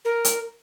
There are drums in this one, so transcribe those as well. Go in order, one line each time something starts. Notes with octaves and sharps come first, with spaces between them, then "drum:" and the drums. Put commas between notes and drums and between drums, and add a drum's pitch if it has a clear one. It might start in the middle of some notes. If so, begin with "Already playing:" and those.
A#4
drum: hi-hat